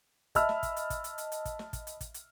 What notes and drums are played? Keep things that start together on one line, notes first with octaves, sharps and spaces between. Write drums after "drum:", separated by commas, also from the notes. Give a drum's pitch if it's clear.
D#5 E5 A5 B5 E6 F6, drum: kick, hi-hat
drum: snare
drum: kick, hi-hat
drum: hi-hat
drum: kick, hi-hat
drum: hi-hat
drum: hi-hat
drum: hi-hat
drum: kick, hi-hat
drum: snare
drum: kick, hi-hat
drum: hi-hat
drum: kick, hi-hat
drum: hi-hat